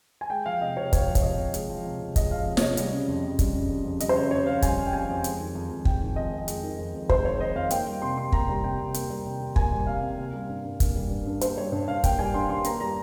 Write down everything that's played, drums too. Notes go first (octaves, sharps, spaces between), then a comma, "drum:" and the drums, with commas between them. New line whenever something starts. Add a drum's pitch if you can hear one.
G#5
G#3 G5
F3 F5
C3 D#5
C3 C#5
G#3 C#5, drum: kick, hi-hat
F3
C#5, drum: kick, hi-hat
C3 D#5
C3
G#3, drum: hi-hat
F3
C3
C3
G#3 D#5, drum: kick, hi-hat
F3 F5
C3
C#5, drum: snare
C3 D#5
G3, drum: hi-hat
C#3
F2
F2
G3, drum: kick, hi-hat
C#3
F2
F2
G3 D#5, drum: hi-hat
C5
C#3 C#5
F2 C#5
F2 F5
G3 G#5, drum: kick, hi-hat
C#3
G5
F2 G#5
F2
G#3, drum: hi-hat
D#3
F2
F2
G#3 G5, drum: kick
D#3
F2 D#5
F2
G#3, drum: hi-hat
D#3
F2
F2
G#3 C5, drum: kick
D#3 C#5
F2 D#5
F2 F5
A#3 G5, drum: hi-hat
G3
C3 C6
C3 C6
A#3 A#5, drum: kick
G3
C3 G5
C3
A#3, drum: hi-hat
G3
C3
C3
A#3 G#5, drum: kick
G3
C3 F5
C3
A#3
G3
G2
G2
A#3, drum: kick, hi-hat
G3
G2
G2
A#3 C5, drum: hi-hat
G3 C#5
G2
G2 F5
A#3 G5, drum: kick, hi-hat
G3 G#5
G2 C6
G2 C6
A#3 A#5, drum: hi-hat
G3 A#5